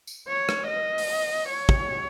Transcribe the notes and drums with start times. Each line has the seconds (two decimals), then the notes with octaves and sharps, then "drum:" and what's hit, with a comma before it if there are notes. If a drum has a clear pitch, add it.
0.07 drum: tambourine
0.28 C#5
0.49 drum: rim click
0.67 D#5
0.98 drum: open hi-hat
1.50 C#5
1.69 drum: kick